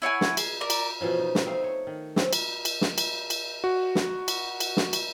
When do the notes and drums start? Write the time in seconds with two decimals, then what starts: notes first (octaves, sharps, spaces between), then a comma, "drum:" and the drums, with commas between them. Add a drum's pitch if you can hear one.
0.02 E4 C#5 F#5 G#5
0.21 drum: snare
0.37 G#4, drum: cymbal
0.61 A#4 D5
0.70 drum: cymbal
1.01 B2 E3 F3 C#4
1.19 D#4
1.35 drum: snare
1.45 A3 C4 D#4 F5
1.64 C#5
1.87 D#3
2.16 C4 C#4, drum: snare
2.33 drum: cymbal
2.65 drum: cymbal
2.81 drum: snare
2.98 drum: cymbal
3.30 drum: cymbal
3.64 F#4
3.95 drum: snare
4.28 drum: cymbal
4.60 drum: cymbal
4.77 drum: snare
4.93 drum: cymbal